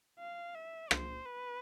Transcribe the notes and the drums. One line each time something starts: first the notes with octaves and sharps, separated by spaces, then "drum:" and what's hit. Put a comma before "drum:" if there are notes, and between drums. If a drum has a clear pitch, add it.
F5
E5
C5, drum: rim click
B4